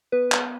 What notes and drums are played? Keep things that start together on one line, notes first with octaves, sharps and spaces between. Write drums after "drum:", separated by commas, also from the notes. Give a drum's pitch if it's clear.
B3 B4
drum: clap